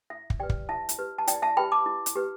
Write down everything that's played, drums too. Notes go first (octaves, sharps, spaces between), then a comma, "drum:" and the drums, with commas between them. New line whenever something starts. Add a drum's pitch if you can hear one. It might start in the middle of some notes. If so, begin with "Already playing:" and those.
E4 E5
drum: kick
G4 B4 D5 G5
drum: kick
E4 E5 A5
drum: hi-hat
G4 B4
A5
E4 D5 G5, drum: hi-hat
E5 A5
G4 B4 G5 B5
A5 D6
E4
drum: hi-hat
G4 B4